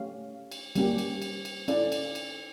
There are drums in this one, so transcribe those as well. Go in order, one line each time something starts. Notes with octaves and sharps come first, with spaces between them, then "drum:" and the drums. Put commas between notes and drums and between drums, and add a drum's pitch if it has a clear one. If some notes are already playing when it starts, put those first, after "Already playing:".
Already playing: A3 C#4 G4 C#5 F5
drum: cymbal
G3 A#3 C#4 G4, drum: cymbal
drum: cymbal
drum: cymbal
drum: cymbal
C#4 E4 A4 D5 F5, drum: cymbal
drum: cymbal
drum: cymbal